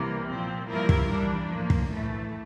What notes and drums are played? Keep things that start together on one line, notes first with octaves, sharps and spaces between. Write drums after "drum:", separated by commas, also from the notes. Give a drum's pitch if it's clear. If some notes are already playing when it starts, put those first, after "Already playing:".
Already playing: C2 C3 E3 A#3
A#2 F3 C4
G2 F3 A#3 E4 A#4
drum: kick
E3 G3 D4
A2 F3 A#3
drum: kick
A2 E3 A3